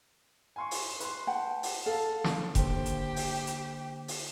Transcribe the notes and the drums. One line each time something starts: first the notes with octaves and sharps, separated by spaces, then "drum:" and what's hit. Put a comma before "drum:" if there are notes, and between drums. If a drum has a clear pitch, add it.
G#5 C6 C#6
drum: open hi-hat
B4 C6, drum: hi-hat
F#5 G5 A5
drum: open hi-hat
A4 F5 A5
drum: snare
D3 A#3 G4 C5, drum: kick F1, hi-hat
drum: hi-hat
drum: open hi-hat
drum: hi-hat
drum: open hi-hat